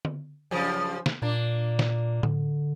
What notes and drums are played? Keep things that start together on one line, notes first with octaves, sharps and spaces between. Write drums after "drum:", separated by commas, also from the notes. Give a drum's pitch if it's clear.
drum: tom D3
F#2 C#3 F3
drum: snare
A#2 A#3 D4
drum: snare
D3, drum: tom A2